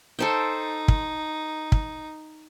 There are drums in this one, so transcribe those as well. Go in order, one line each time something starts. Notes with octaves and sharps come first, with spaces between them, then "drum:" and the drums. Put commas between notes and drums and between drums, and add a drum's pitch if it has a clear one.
D#4 A4 C5 G5
drum: kick
drum: kick